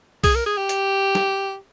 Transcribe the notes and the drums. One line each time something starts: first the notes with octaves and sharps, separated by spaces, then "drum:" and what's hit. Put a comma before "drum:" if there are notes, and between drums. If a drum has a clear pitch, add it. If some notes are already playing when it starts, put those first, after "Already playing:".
G#4, drum: kick B1, open hi-hat
A#4
G#4
G4
drum: hi-hat
drum: snare